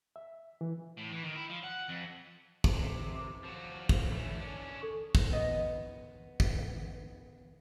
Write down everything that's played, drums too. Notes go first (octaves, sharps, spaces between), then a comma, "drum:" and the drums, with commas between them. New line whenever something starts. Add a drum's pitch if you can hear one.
E5
E3
A2
E3
D#3
E4
F3
F#5
F2
drum: kick
C3
D6
F3 F#4
drum: kick
E3 A3 C#4
C#4 D4
A4 C#6
drum: kick
B3 D#5
drum: kick